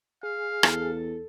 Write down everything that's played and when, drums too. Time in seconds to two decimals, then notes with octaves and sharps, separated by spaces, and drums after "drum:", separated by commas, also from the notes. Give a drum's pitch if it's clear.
0.23 G#4 F5
0.63 E2 A4, drum: rim click